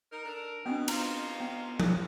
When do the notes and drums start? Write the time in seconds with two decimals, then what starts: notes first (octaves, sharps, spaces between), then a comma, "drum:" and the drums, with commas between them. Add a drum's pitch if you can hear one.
0.12 D#4 A#4
0.25 D4 A4 A#4
0.66 B2 B3 C4 D4
0.88 D#4 F4 A#5, drum: cymbal
1.40 B3
1.80 drum: tom F3